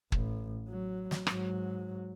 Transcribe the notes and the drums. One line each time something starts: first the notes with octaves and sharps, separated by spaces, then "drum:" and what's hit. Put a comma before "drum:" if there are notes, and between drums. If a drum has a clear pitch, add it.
A1, drum: kick
F#3
drum: snare
G#2 F#3, drum: rim click